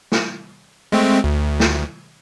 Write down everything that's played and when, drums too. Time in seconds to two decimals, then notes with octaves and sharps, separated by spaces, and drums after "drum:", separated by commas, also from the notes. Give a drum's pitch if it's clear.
0.12 drum: snare
0.92 G#3 A3 C4
1.24 D2
1.60 drum: snare